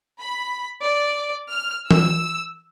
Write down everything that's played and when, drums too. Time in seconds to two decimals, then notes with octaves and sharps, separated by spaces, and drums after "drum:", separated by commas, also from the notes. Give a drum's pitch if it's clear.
0.19 B5
0.80 D5
1.49 F6
1.91 E6, drum: tom E3